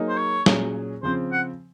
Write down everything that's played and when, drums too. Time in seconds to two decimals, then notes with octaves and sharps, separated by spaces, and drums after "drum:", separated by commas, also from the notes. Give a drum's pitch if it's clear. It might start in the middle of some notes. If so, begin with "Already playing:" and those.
Already playing: F#3 A#3 D#4 G#4
0.09 C5
0.17 C#5
0.46 A#2 F#3 C#4 G#4, drum: snare
1.03 C#3 F3 C4 C5
1.32 F#5